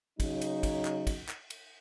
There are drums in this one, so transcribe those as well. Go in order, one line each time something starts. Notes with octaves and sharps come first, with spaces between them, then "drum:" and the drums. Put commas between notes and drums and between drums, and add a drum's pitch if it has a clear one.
C#3 F#3 D#4, drum: kick, cymbal
drum: cymbal
drum: kick, cymbal
drum: clap
drum: kick, cymbal
drum: clap
drum: cymbal